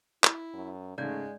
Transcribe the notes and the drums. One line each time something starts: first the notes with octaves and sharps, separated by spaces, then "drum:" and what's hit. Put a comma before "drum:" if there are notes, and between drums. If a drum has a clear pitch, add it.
E4, drum: clap
F#2
G#2 C#3 G#3 A3 D5 G6 G#6